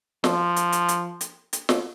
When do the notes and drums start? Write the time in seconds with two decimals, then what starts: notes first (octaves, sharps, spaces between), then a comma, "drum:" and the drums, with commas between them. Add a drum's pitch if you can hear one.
0.24 F3, drum: snare
0.56 drum: hi-hat
0.72 drum: hi-hat
0.89 drum: hi-hat
1.21 drum: hi-hat
1.53 drum: hi-hat
1.69 drum: snare